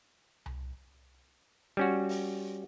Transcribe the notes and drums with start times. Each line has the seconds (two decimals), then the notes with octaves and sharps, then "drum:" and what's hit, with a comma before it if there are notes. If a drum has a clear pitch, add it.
0.46 drum: tom C2
1.77 G3 C#4 F#4
2.09 drum: open hi-hat